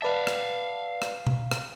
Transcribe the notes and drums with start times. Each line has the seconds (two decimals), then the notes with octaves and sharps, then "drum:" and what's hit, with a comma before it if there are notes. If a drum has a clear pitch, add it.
0.02 B4 D5 E5 F5 A5
0.27 drum: rim click
1.02 drum: rim click
1.27 drum: tom B2
1.51 drum: rim click